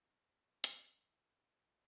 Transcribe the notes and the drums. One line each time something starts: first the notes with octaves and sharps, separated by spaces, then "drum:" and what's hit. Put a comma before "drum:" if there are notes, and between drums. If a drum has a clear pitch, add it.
E2 G#2
drum: hi-hat